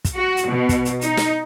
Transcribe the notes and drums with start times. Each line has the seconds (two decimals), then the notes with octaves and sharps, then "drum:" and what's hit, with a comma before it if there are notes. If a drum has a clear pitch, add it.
0.05 drum: kick, hi-hat
0.15 F#4
0.37 drum: hi-hat
0.48 B2
0.69 drum: kick, hi-hat
0.85 drum: hi-hat
1.01 D#4, drum: hi-hat
1.17 drum: snare